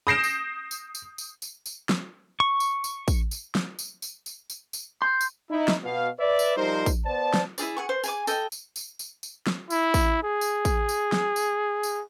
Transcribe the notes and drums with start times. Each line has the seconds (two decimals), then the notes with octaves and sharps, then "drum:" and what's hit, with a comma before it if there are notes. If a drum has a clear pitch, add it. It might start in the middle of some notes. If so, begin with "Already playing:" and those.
0.07 D#6 G6 A#6 C7 D7 E7
0.24 drum: tambourine
0.71 drum: tambourine
0.95 drum: tambourine
1.18 drum: tambourine
1.42 drum: tambourine
1.66 drum: tambourine
1.89 drum: snare
2.40 C#6
2.60 drum: tambourine
2.84 drum: tambourine
3.08 drum: kick, tambourine
3.31 drum: tambourine
3.55 drum: snare
3.79 drum: tambourine
4.02 drum: tambourine
4.26 drum: tambourine
4.50 drum: tambourine
4.73 drum: tambourine
5.02 C6 G6
5.21 drum: tambourine
5.50 D#4 E4
5.68 drum: snare
5.84 B2 F5
6.19 B4 D5 E5
6.39 drum: tambourine
6.57 F3 G3 D#4 A#4 C5
6.86 drum: kick, tambourine
7.06 B3 C5 D5 A5
7.34 drum: snare
7.58 E4 F4 G#4 D5, drum: tambourine
7.77 G#4 F#5 C#6
7.89 C5
8.04 G#4 G#5 D6, drum: tambourine
8.27 A4 D#5 G5, drum: tambourine
8.52 drum: tambourine
8.76 drum: tambourine
8.99 drum: tambourine
9.23 drum: tambourine
9.47 drum: snare
9.70 E4, drum: tambourine
9.94 drum: kick, tambourine
10.24 G#4
10.41 drum: tambourine
10.65 drum: kick, tambourine
10.89 drum: tambourine
11.12 drum: snare
11.36 drum: tambourine
11.83 drum: tambourine